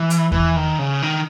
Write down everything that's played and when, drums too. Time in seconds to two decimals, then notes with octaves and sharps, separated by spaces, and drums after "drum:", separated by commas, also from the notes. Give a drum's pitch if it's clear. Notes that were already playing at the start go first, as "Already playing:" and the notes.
Already playing: E3
0.10 drum: hi-hat
0.32 E3, drum: kick E2
0.56 D#3
0.79 C#3
1.02 D#3